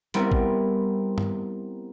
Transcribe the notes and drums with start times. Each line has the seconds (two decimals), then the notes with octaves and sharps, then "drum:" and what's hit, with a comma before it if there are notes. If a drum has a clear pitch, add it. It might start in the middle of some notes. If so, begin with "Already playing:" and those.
0.14 G3 B3 C4 E4 A#4, drum: hi-hat
0.32 drum: kick
1.18 drum: tom G2